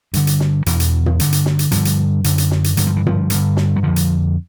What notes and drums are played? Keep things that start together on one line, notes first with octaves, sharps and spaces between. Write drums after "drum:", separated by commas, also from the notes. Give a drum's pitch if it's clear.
G2 D3, drum: hi-hat
drum: hi-hat
drum: snare
E2 B2 E3, drum: hi-hat
drum: hi-hat
drum: tom
G2 D3, drum: hi-hat
drum: hi-hat
drum: snare
drum: hi-hat
G2 D3 F3, drum: hi-hat
drum: hi-hat
F#2 D3, drum: hi-hat
drum: hi-hat
drum: snare
drum: hi-hat
G2 D3 F#3, drum: hi-hat
F3
E3
F3, drum: tom
G2 D3, drum: hi-hat
drum: snare
F#3
F2 D3 F3
drum: hi-hat